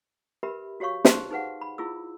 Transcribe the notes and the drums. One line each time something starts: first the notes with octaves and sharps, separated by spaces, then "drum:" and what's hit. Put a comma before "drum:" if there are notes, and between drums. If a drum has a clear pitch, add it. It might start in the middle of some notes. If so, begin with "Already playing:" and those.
G4 A#4 B4 E5 B5
F#4 G4 C#5 F5 C#6
D#4 G#4 B4 C5 C6, drum: snare
D#4 G#4 B4 F5 F#5
B5
E4 F4 G#4 E6